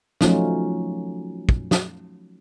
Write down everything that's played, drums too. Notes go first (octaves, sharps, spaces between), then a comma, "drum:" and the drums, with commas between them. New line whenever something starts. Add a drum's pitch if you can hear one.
F3 F#3 A3 C#4 D#4 F4, drum: snare
drum: kick
drum: snare